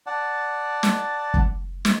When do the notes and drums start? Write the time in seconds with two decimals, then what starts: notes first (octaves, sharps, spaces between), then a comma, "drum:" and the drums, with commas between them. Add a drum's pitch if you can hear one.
0.06 D5 F#5 A5
0.83 drum: snare
1.34 drum: kick
1.85 drum: snare